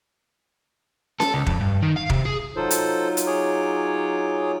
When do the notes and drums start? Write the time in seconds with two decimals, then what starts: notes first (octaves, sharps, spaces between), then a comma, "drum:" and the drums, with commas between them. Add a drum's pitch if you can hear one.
1.20 A4, drum: snare C#4
1.34 C#2
1.46 F2, drum: kick E1
1.61 G2
1.82 D#3
1.96 F5
2.10 C3, drum: kick E1
2.25 G#4
2.56 F#3 D#4 F4 A4 C5
2.71 drum: hi-hat
3.17 drum: hi-hat
3.27 G#4 C#5 D6